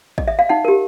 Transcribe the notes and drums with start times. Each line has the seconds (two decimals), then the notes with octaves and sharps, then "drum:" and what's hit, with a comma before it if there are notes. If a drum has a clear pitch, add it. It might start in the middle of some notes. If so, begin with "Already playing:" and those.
0.18 D#5, drum: kick
0.28 E5
0.39 F5
0.49 D#4 F#5
0.65 G4 A#4